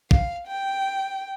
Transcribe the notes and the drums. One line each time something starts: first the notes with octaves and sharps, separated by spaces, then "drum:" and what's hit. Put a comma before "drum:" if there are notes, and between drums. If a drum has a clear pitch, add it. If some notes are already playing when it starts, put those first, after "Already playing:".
F5, drum: kick
G5